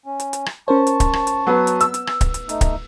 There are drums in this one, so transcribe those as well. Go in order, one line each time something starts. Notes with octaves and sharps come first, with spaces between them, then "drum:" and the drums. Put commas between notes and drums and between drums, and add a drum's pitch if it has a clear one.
C#4
drum: hi-hat
drum: hi-hat
drum: rim click
C#4 A#4 C5 A5 C#6
drum: hi-hat
drum: kick D1, hi-hat
drum: rim click
drum: hi-hat
F#3 B3
drum: hi-hat
B3 E6, drum: hi-hat
drum: hi-hat
drum: rim click
drum: kick D1, hi-hat
drum: hi-hat
A3 D#4, drum: hi-hat
drum: kick D1, hi-hat